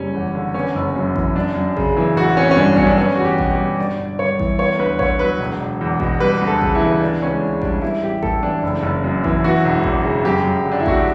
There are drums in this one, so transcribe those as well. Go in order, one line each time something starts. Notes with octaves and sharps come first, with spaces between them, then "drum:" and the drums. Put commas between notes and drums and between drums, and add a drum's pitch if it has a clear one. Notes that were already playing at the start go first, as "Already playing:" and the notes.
Already playing: F#1 G3 C#4
E2
D3
B3 C#4
F#1
F#2
E3, drum: kick A1
F#2 D4
F#2
C#3, drum: kick A1
E3
A1 F#4
A1 C#4
C#4
G2 D4
F#3 C#4, drum: kick A1
D4
B3 C#4
E2 F#4
G4
B2, drum: kick A1
G4
G3
G1 D5
G1
G2 C#5
E3, drum: kick A1
B3 C#5
D2 B4
D3 C#5, drum: kick A1
F#3 B4
E1
E1
E2
B2, drum: kick A1
G3 B4
D2
A4
C#3, drum: kick A1
E4
E3
B3 D4
C#2 C#4
C#3 D4
G3 D4, drum: kick A1
G3 E4
A1 G4
A2 A4, drum: kick A1
E3 D4
F#1
F#1
F#2
E3, drum: kick A1
E3 F#4
E1
E2, drum: kick A1
C#3
F#2 G4
F#2
D3
D4
E4
A3 F#4, drum: kick A1
G4